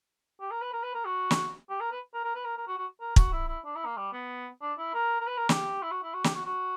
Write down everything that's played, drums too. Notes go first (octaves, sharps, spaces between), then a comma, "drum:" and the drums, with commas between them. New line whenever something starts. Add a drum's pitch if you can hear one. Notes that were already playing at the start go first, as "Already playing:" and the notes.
G4
A#4
B4
A#4
B4
A#4
F#4
drum: snare
G4
A#4
B4
A#4
A#4
B4
A#4
A#4
F#4
F#4
A#4
F#4, drum: kick
E4
E4
D4
E4
A#3
G3
B3
D4
E4
A#4
A#4
B4
A#4
G4, drum: snare
E4
F#4
E4
F#4
G4, drum: snare
F#4
F#4